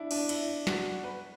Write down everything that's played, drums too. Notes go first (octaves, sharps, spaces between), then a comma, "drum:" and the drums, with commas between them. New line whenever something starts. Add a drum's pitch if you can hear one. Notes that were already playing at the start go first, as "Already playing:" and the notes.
Already playing: D4 E4
D4, drum: cymbal
E4, drum: cymbal
F#4, drum: snare
B4